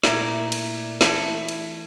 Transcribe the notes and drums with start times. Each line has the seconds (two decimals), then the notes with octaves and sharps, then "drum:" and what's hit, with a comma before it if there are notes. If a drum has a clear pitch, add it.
0.04 A#2 A3 E4 A#4 D5, drum: snare
0.52 drum: cymbal
1.01 E3 A3 E4 A4, drum: snare
1.49 drum: cymbal